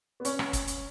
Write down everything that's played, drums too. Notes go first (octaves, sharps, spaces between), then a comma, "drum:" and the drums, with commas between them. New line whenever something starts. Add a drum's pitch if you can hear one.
B3
C#4, drum: hi-hat
drum: rim click
drum: kick, hi-hat
drum: hi-hat